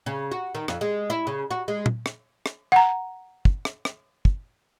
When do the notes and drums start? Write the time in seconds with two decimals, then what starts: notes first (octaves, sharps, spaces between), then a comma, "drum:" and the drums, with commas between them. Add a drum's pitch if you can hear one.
0.06 C#3
0.31 F#4
0.55 D#3
0.68 F2, drum: rim click
0.81 G#3
1.10 E4
1.27 C#3
1.51 F#4
1.68 G#3
1.86 drum: tom
2.06 drum: rim click
2.46 drum: rim click
2.72 F#5 A#5
3.45 drum: kick
3.65 drum: rim click
3.85 drum: rim click
4.25 drum: kick